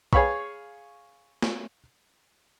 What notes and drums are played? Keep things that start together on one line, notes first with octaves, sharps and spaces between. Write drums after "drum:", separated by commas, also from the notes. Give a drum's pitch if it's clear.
G#4 C#5 F5 B5 C#6, drum: kick
drum: snare